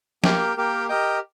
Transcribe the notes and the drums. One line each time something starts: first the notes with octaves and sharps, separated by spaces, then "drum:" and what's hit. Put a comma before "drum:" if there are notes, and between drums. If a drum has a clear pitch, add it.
A#3 G4 A#4 G5, drum: snare
A#3 G4 A#4 G5
G4 A#4 D#5 G5